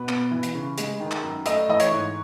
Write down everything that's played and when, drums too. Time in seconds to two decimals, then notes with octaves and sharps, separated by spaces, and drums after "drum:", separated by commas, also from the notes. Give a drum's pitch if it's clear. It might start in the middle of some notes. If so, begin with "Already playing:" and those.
Already playing: B2 B4
0.08 B3, drum: clap
0.31 E3
0.43 drum: hi-hat
0.55 C#3
0.78 G#3, drum: hi-hat
1.00 D#3
1.11 drum: clap
1.23 F#2
1.46 A3 D#5, drum: hi-hat
1.69 E3 D#5
1.80 C#5, drum: hi-hat
1.91 G#2